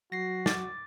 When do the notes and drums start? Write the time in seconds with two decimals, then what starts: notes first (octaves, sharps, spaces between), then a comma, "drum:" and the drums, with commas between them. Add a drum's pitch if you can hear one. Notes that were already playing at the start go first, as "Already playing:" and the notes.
0.12 F#3 F#4 A#6 C7
0.46 D6 A6, drum: snare